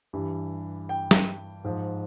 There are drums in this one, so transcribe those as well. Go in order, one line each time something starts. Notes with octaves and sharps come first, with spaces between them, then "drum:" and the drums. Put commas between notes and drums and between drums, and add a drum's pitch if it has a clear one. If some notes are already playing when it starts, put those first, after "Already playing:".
G2 E3 G3
G5
drum: snare
G#2 F3